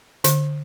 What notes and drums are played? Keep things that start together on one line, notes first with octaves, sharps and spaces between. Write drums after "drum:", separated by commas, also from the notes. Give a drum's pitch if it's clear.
D3, drum: hi-hat